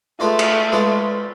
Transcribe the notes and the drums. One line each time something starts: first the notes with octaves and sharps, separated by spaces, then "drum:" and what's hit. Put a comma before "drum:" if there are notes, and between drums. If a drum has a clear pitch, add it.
G#3 A3 B3 F4 A4 D5
drum: cymbal
G#3 B3 F4 A4 D5